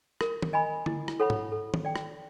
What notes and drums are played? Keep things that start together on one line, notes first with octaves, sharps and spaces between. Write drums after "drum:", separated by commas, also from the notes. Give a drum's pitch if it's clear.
A#4, drum: rim click
drum: tom
D#5 G#5 B5
E4, drum: tom D3
drum: rim click
A4 C#5 F#5 B5
drum: tom G#2
A4
drum: tom
D5 G5
drum: rim click